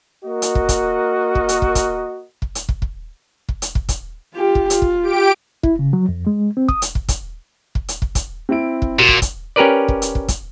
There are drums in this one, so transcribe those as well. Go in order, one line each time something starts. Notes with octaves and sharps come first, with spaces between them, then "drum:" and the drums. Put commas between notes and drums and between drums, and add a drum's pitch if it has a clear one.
A#3 F#4 A#4 D#5
drum: hi-hat
drum: kick
drum: kick, hi-hat
drum: kick
drum: hi-hat
drum: kick
drum: kick, hi-hat
drum: kick
drum: hi-hat
drum: kick
drum: kick
drum: kick
drum: hi-hat
drum: kick
drum: kick, hi-hat
F4 G4
drum: kick
F4, drum: hi-hat
drum: kick
G4 D7
E4, drum: kick
C#3
F#3
F2
G#3
C4
D#6, drum: kick
drum: hi-hat
drum: kick
drum: kick, hi-hat
drum: kick
drum: hi-hat
drum: kick
drum: kick, hi-hat
C4 E4 D7
drum: kick
A#2 F#4
drum: kick
drum: kick, hi-hat
C#4 G4 A#4 B4 D5
drum: kick
drum: hi-hat
drum: kick
drum: kick, hi-hat